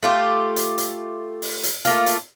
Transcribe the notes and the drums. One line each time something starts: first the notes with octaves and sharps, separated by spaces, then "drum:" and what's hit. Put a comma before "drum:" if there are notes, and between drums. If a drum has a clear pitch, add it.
A3 F4 G4
drum: hi-hat
drum: hi-hat
drum: open hi-hat
drum: hi-hat
A3 A#3 F4, drum: hi-hat
drum: hi-hat